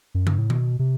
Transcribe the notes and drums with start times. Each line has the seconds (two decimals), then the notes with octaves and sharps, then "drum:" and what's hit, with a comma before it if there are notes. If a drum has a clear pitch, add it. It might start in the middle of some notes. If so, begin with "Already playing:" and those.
0.14 F#2
0.27 G2, drum: tom C#3
0.38 A2
0.50 B2, drum: tom D#3
0.79 C3